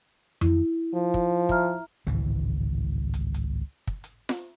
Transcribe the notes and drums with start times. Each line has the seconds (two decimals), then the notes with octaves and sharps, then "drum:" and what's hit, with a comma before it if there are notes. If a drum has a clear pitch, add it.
0.41 E4, drum: tom F2
0.94 F3
1.14 drum: kick
1.49 E5 A#5 F6, drum: kick
2.07 G#1 C#2 A2 E3
3.14 drum: hi-hat
3.34 drum: hi-hat
3.87 drum: kick
4.04 drum: hi-hat
4.29 drum: snare F4